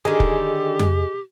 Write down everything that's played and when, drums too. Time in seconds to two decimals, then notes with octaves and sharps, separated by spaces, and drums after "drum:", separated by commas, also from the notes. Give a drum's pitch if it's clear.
0.05 D3 D#3 G4 G#4 D#5 G#5
0.20 drum: kick
0.79 drum: tom F2